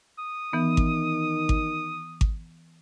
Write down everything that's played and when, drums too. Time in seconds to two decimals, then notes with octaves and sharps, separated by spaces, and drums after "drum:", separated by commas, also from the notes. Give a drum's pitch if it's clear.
0.19 D#6
0.53 D#3 E3 B3
0.77 drum: kick G#1
1.49 drum: kick G#1
2.21 drum: kick G#1